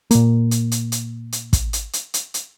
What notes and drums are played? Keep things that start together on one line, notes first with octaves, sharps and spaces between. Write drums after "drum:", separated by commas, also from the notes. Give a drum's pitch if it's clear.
A#2 A#3, drum: hi-hat
drum: hi-hat
drum: hi-hat
drum: hi-hat
drum: hi-hat
drum: kick, hi-hat
drum: hi-hat
drum: hi-hat
drum: hi-hat
drum: hi-hat